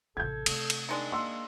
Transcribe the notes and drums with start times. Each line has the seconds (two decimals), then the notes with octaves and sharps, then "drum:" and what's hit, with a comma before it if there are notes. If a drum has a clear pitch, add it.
0.17 A1 C3 A4 G6 G#6
0.46 C3 A3, drum: cymbal
0.70 drum: cymbal
0.89 D#3 G#3 D4
1.12 A#3 C6 E6